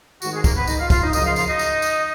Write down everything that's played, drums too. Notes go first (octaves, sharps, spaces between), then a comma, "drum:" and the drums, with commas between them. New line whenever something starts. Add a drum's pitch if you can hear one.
G#2 D#3 G#3 F#4, drum: tambourine
G#3 G#4
A#3 A#4, drum: kick, tambourine
B3 B4
D#4 D#5, drum: tambourine
F4 F5
F4 F5, drum: kick, tambourine
D#4 D#5
F#2 C#3 F3 D#4 D#5, drum: tambourine
F4 F5
F4 F5, drum: tambourine
D#4 D#5
drum: tambourine
drum: tambourine